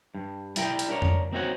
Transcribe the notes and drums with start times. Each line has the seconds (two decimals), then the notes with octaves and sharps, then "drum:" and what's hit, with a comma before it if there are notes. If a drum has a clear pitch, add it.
0.15 G2
0.56 G3 E4 A#4 G5, drum: hi-hat
0.79 drum: hi-hat
0.89 D4 A#4 C#5
1.02 drum: tom F2
1.32 A#3 C4 D#4 F#4 C#5 F#5